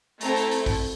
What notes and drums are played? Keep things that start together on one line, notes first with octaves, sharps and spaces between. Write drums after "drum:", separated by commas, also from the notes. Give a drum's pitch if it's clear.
A3 C4 E4 A4 A#5, drum: hi-hat
drum: hi-hat
drum: hi-hat
drum: kick A1, open hi-hat